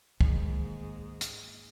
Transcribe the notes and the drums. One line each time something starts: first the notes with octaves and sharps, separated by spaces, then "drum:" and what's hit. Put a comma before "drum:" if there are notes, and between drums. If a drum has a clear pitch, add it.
G#2 D#3 G#3 A#3, drum: kick
drum: hi-hat